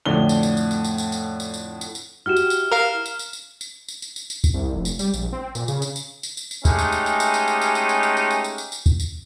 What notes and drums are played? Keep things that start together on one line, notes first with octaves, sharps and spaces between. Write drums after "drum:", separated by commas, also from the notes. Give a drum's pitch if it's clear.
F2 A2 D3 D4 G7
drum: tambourine
drum: tambourine
drum: tambourine
drum: tambourine
drum: tambourine
drum: tambourine
drum: tambourine
drum: tambourine
drum: tambourine
drum: tambourine
drum: tambourine
E4 F#4 G4 F6 E7
drum: tambourine
drum: tambourine
A#4 F5
drum: tambourine
drum: tambourine
drum: tambourine
drum: tambourine
drum: tambourine
drum: tambourine
drum: tambourine
drum: tambourine
drum: kick, tambourine
C2
F1
drum: tambourine
G3, drum: tambourine
A#1, drum: tambourine
C4
A#2, drum: tambourine
C#3, drum: tambourine
drum: tambourine
drum: tambourine
drum: tambourine
drum: tambourine
drum: tambourine
G#3 A3 C#4 D#4 G4, drum: kick, tambourine
drum: tambourine
drum: tambourine
drum: tambourine
drum: tambourine
drum: tambourine
drum: tambourine
drum: tambourine
drum: tambourine
drum: tambourine
drum: tambourine
drum: tambourine
drum: tambourine
drum: tambourine
drum: tambourine
drum: tambourine
drum: kick, tambourine
drum: tambourine